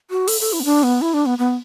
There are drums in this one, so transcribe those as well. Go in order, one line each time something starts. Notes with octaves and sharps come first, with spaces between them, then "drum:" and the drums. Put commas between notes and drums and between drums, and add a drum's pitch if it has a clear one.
F#4
A4, drum: open hi-hat
A4
E4
B3
D4
B3
E4
D4
B3
B3